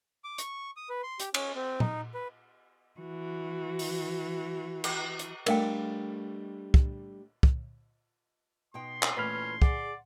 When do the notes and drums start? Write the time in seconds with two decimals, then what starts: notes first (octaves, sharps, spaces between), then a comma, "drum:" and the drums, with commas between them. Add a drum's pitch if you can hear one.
0.24 D6
0.38 C#6, drum: hi-hat
0.76 D#6
0.90 B4
1.03 C6
1.20 G4, drum: hi-hat
1.34 C#4, drum: cymbal
1.55 C4
1.80 D#4, drum: tom A#2
2.14 B4
3.00 E3 F#4
3.79 drum: open hi-hat
4.84 drum: cymbal
5.19 drum: hi-hat
5.46 G3 A3 D4 A#4 F5 G5, drum: cymbal
6.74 drum: kick
7.43 drum: kick
8.74 B2 D#4 G5 C6
9.03 drum: clap
9.17 A#2 E3 A3 C#4 B4 B5 F6
9.62 G#4 D5 F#5, drum: kick